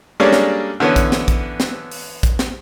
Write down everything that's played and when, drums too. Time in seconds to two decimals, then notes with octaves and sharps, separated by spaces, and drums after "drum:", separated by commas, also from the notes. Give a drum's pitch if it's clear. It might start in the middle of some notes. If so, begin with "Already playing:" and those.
0.20 G3 G#3 A#3 C#4 D4 A4
0.33 drum: snare
0.80 D3 E3 B3 C#4
0.96 drum: kick, hi-hat
1.12 drum: snare
1.28 drum: kick, hi-hat
1.60 drum: snare
1.91 drum: open hi-hat
2.23 drum: kick, hi-hat
2.39 drum: snare